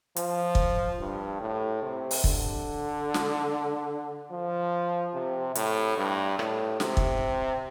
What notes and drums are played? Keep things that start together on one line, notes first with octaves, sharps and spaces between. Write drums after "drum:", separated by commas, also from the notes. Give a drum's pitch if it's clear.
F3, drum: hi-hat
drum: kick
G2
A2
C3
drum: open hi-hat
D3, drum: kick
drum: snare
F3
C3
A2, drum: hi-hat
G2
A2, drum: rim click
C3, drum: snare
drum: kick